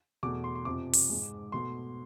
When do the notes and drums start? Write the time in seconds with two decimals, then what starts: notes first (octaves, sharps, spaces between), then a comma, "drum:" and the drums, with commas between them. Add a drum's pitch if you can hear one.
0.23 E2 B2 A3 D6
0.44 C6
0.55 C6
0.65 F2 C3 F3 D6
0.93 drum: open hi-hat
1.10 G#2 G#3
1.52 B2 A3 C6